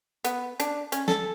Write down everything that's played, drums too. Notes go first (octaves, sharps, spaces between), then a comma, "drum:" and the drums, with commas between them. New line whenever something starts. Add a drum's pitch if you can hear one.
B3, drum: hi-hat
D4, drum: hi-hat
C#4, drum: hi-hat
A4, drum: snare